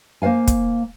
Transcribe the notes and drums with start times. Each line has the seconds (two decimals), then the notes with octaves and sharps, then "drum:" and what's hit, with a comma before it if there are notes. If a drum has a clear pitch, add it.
0.22 A#3 C5 D5 F5 G#5
0.47 drum: kick, hi-hat